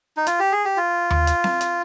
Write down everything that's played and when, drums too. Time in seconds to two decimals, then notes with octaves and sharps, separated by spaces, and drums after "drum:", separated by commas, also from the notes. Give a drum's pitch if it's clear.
0.17 D#4
0.27 F4, drum: hi-hat
0.40 G4
0.52 G#4
0.65 G4
0.77 F4
1.10 drum: tom D#2
1.27 drum: hi-hat
1.44 drum: snare C4
1.61 drum: hi-hat